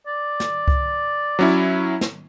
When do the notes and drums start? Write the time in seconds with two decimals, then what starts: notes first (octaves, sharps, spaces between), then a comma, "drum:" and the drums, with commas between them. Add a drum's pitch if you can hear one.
0.07 D5
0.40 drum: snare
0.68 drum: kick C2
1.39 F#3 C#4 E4
2.01 drum: snare